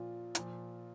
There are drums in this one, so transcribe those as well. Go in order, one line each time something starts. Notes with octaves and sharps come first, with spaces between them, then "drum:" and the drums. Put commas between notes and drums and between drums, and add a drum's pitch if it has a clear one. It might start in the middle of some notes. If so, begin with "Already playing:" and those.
Already playing: A#2 F3 F4
A#2 F3, drum: hi-hat